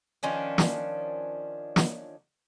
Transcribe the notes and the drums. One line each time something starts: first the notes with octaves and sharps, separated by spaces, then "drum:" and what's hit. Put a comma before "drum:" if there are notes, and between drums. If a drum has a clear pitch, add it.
D#3 F3 C#4 D4
drum: snare
drum: snare